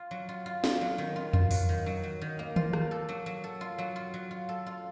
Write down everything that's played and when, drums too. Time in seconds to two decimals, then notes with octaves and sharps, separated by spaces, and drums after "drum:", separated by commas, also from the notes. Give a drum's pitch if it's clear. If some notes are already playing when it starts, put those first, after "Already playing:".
Already playing: F4
0.11 F#3
0.29 F4
0.46 F4
0.64 F4, drum: snare
0.81 F#3
0.98 D#3
1.16 F4
1.33 F4, drum: tom F2
1.51 F#3, drum: open hi-hat
1.69 D#3
1.86 F#3
2.03 F#3
2.21 D#3
2.39 A#3
2.56 F4, drum: tom D#3
2.73 A#3, drum: rim click
2.91 A4
3.09 F#3
3.26 F#3
3.44 A4
3.61 F4
3.78 F#3
3.96 F4
4.14 F#3
4.31 F4
4.49 A4
4.66 F4